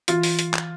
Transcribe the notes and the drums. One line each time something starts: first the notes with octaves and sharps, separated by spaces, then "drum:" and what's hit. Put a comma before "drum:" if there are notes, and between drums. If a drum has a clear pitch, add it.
E3 F4, drum: hi-hat
drum: open hi-hat
drum: hi-hat
drum: clap